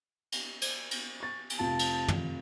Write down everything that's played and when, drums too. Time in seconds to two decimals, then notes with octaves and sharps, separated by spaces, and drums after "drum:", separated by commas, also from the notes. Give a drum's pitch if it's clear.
0.32 drum: cymbal
0.62 drum: cymbal
0.91 drum: cymbal
1.20 C#6 A6
1.50 drum: cymbal
1.59 F1 F4 A5
1.79 drum: cymbal
2.08 drum: tom